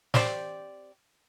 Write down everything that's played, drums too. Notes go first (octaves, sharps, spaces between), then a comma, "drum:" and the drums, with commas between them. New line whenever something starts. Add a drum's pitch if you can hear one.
C4 G4 C5 D5, drum: snare